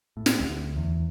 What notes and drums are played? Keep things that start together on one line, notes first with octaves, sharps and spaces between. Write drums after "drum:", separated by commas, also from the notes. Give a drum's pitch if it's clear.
A2
drum: snare
D2
E2